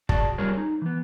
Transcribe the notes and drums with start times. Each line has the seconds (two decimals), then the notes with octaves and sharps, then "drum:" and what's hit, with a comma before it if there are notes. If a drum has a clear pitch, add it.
0.09 F#4 G#4 D5 A5, drum: kick
0.38 G3 F4 G4 G#4 A#4 C#5
0.57 D#4
0.82 E3 B3